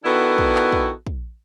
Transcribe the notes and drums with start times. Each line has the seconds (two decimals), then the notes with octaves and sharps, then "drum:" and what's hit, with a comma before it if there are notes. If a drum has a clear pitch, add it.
0.04 D#3 B3 D4 E4 F#4 A4
0.38 drum: kick
0.55 drum: clap
0.72 drum: kick
1.07 drum: kick